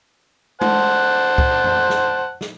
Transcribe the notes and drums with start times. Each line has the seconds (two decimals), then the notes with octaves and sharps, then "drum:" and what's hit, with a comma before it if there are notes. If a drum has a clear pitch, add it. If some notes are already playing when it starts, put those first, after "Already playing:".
0.61 C5 F#5 A5, drum: tom G#3
1.38 drum: kick C#2
1.64 drum: tom F2
1.90 drum: snare
2.41 drum: snare